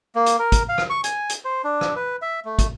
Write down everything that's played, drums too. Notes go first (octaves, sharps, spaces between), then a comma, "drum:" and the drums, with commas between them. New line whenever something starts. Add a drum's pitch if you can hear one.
A#3
drum: hi-hat
A#4
drum: kick, hi-hat
F5
drum: rim click
C#6
G#5, drum: hi-hat
drum: hi-hat
C5
D4
drum: rim click
B4
E5
A3
drum: kick, hi-hat